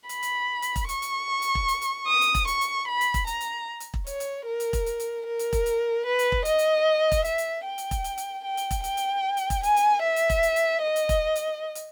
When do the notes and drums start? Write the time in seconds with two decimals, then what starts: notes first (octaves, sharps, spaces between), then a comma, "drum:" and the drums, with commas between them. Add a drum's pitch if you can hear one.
0.09 B5, drum: hi-hat
0.23 drum: hi-hat
0.62 drum: hi-hat
0.76 drum: kick E1, hi-hat
0.89 C#6, drum: hi-hat
1.02 drum: hi-hat
1.42 drum: hi-hat
1.55 drum: kick E1
1.68 drum: hi-hat
1.82 drum: hi-hat
2.08 D#6
2.21 drum: hi-hat
2.35 drum: kick E1, hi-hat
2.47 C#6, drum: hi-hat
2.61 drum: hi-hat
2.88 B5
3.01 drum: hi-hat
3.14 drum: kick E1, hi-hat
3.27 A#5, drum: hi-hat
3.41 drum: hi-hat
3.80 drum: hi-hat
3.94 drum: kick E1
4.07 C#5, drum: hi-hat
4.20 drum: hi-hat
4.47 A#4
4.60 drum: hi-hat
4.73 drum: kick E1, hi-hat
4.86 drum: hi-hat
5.00 drum: hi-hat
5.26 A#4
5.39 drum: hi-hat
5.53 drum: kick E1, hi-hat
5.66 drum: hi-hat
6.06 B4
6.19 drum: hi-hat
6.32 drum: kick E1
6.45 D#5, drum: hi-hat
6.59 drum: hi-hat
7.12 drum: kick E1, hi-hat
7.25 E5, drum: hi-hat
7.38 drum: hi-hat
7.65 G5
7.78 drum: hi-hat
7.91 drum: kick E1, hi-hat
8.04 drum: hi-hat
8.18 drum: hi-hat
8.44 G5
8.57 drum: hi-hat
8.71 drum: kick E1, hi-hat
8.84 G5, drum: hi-hat
8.97 drum: hi-hat
9.37 drum: hi-hat
9.50 drum: kick E1, hi-hat
9.63 G#5, drum: hi-hat
9.77 drum: hi-hat
10.03 E5
10.16 drum: hi-hat
10.30 drum: kick E1, hi-hat
10.43 drum: hi-hat
10.56 drum: hi-hat
10.83 D#5
10.96 drum: hi-hat
11.09 drum: kick E1, hi-hat
11.36 drum: hi-hat
11.75 drum: hi-hat